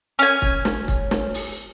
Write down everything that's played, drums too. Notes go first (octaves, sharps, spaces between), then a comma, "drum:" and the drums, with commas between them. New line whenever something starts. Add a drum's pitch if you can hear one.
C#4 G#5
drum: kick, hi-hat
drum: snare
drum: kick, hi-hat
drum: snare
drum: open hi-hat